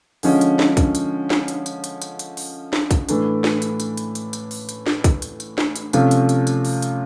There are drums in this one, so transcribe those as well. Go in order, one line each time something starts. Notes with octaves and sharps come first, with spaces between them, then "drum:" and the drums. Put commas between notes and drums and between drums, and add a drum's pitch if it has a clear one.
D3 F3 G#3 C#4, drum: open hi-hat
drum: hi-hat
drum: snare
drum: kick, hi-hat
drum: hi-hat
drum: snare
drum: hi-hat
drum: hi-hat
drum: hi-hat
drum: hi-hat
drum: hi-hat
drum: open hi-hat
drum: snare
drum: kick, hi-hat
A2 E3 A3 D4, drum: hi-hat
drum: snare
drum: hi-hat
drum: hi-hat
drum: hi-hat
drum: hi-hat
drum: hi-hat
drum: open hi-hat
drum: hi-hat
drum: snare
drum: kick, hi-hat
drum: hi-hat
drum: hi-hat
drum: snare
drum: hi-hat
C3 F3 A3 C#4 F4, drum: hi-hat
drum: hi-hat
drum: hi-hat
drum: hi-hat
drum: open hi-hat
drum: hi-hat